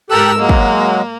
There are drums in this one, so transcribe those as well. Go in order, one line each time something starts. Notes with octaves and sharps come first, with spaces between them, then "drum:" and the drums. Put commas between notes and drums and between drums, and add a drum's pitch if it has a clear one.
G#2 G4 A4 A#4 E6 F#6
F#3 G#3 A#3
drum: kick